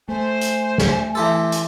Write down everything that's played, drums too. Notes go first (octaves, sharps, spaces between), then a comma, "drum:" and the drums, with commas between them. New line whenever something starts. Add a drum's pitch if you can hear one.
A3 C5 G#5
drum: hi-hat
drum: snare
E3 G4 A4 C6
drum: hi-hat